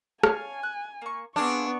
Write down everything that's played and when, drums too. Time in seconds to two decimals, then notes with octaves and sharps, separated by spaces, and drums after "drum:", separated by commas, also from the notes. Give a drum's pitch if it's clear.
0.23 C#5 F5 G#5 A5, drum: rim click
0.63 F#6
1.02 A#3 C#6
1.36 B3 C4 D4 G#4 F5 C#6